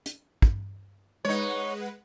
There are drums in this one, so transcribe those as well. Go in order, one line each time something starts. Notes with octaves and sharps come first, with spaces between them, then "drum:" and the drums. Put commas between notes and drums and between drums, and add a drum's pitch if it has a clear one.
drum: hi-hat
drum: kick
G#3 D#4 B4 C#5 F#5